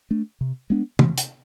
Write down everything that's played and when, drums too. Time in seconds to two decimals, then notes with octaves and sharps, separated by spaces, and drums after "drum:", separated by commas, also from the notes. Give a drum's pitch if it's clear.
0.11 A3 D4
0.41 C3
0.70 G#3 B3 D4
0.99 E3, drum: tom
1.18 drum: hi-hat